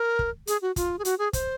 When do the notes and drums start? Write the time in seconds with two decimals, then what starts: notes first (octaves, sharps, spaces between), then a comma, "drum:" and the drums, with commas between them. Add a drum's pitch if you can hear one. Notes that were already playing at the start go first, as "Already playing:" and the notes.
Already playing: A#4
0.19 drum: kick
0.47 G#4, drum: hi-hat
0.62 F#4
0.76 F4, drum: kick, hi-hat
0.99 G#4
1.05 F#4, drum: hi-hat
1.19 G#4
1.33 C5, drum: kick, hi-hat